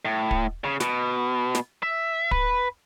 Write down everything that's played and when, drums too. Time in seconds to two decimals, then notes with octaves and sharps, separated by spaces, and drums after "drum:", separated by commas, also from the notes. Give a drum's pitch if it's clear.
0.05 A2
0.31 drum: kick
0.64 C#3
0.80 B2, drum: snare
1.55 drum: snare
1.83 E5
2.31 B4, drum: kick